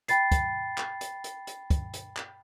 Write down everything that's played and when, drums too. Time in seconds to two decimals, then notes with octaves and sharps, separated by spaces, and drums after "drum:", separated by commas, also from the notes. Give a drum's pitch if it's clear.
0.08 G5 B5 A6 C7, drum: hi-hat
0.32 drum: kick, hi-hat
0.78 drum: clap
1.01 drum: hi-hat
1.24 drum: hi-hat
1.47 drum: hi-hat
1.70 drum: kick, hi-hat
1.94 drum: hi-hat
2.17 drum: clap